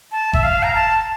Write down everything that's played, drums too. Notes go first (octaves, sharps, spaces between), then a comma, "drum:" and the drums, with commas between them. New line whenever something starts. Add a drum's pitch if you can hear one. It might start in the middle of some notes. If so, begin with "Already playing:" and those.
A5
E5, drum: kick G1
F5
A#5
A5